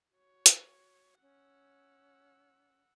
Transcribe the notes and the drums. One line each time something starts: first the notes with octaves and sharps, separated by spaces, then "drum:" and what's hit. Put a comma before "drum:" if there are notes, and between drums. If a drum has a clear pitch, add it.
F#4 C#5
drum: hi-hat
C#4 F#5 E6